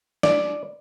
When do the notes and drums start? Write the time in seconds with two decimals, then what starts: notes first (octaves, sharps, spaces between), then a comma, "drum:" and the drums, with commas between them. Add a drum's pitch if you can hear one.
0.23 D5, drum: snare